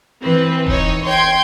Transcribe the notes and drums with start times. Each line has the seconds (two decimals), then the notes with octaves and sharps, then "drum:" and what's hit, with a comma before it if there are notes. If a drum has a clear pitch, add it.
0.21 E3 C4 B4
0.67 D#4 C#5, drum: kick E1
1.08 G5 C6 G6 G#6